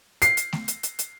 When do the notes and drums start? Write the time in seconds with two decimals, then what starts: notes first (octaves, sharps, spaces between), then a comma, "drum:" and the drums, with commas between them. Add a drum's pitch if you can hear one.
0.22 C7, drum: hi-hat
0.37 drum: hi-hat
0.53 drum: snare A3
0.68 drum: hi-hat
0.83 drum: hi-hat
0.99 drum: hi-hat